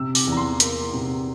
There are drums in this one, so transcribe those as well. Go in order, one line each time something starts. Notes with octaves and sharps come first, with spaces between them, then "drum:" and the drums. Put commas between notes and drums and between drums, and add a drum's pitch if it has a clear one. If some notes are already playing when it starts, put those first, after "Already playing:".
Already playing: C3 E6
D6, drum: open hi-hat
E2
A#5
C6
A#3, drum: hi-hat
C3